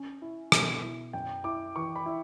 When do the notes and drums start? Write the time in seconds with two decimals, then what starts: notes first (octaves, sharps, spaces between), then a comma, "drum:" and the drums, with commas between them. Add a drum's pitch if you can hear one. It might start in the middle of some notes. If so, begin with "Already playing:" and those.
Already playing: C#4
0.22 E4
0.52 B2, drum: rim click
0.82 E4
1.13 F#2 G5
1.44 E4 D6
1.76 E3 C#6
1.96 B5
2.06 E4